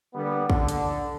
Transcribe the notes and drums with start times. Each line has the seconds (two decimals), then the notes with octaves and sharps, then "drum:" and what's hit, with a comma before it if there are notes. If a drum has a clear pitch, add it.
0.14 D3 G3 A#3 B3
0.50 D3, drum: kick
0.69 drum: hi-hat